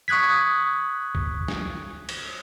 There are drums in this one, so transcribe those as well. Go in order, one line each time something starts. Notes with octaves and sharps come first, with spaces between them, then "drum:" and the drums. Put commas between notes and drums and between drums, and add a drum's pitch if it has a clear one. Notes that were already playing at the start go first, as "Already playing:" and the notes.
C#6 D#6 F#6 G#6 B6
drum: kick
drum: snare
drum: cymbal